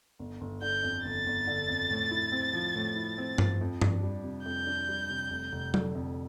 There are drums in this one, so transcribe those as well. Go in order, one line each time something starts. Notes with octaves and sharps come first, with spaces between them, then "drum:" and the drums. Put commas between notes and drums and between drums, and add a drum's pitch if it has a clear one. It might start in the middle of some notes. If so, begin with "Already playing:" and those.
G1
G1
D3 G6
F2
G1 A6
G1
D3
F2
A2
E4
C4
F3
A2
E4
C4
F3, drum: tom G2
F2
D4, drum: tom G2
G3
C3
F2 G6
D4
G3
C3
F1
F1
D3, drum: tom F#3
F2